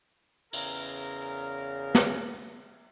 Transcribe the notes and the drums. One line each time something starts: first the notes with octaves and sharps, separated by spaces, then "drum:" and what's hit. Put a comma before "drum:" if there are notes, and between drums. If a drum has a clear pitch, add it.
E2 C#3 A#4, drum: cymbal
drum: snare